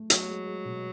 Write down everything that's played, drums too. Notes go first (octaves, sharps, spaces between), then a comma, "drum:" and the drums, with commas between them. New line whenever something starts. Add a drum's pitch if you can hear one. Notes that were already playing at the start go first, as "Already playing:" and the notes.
Already playing: A3
F#3 B3, drum: hi-hat
G#3
G#3
B2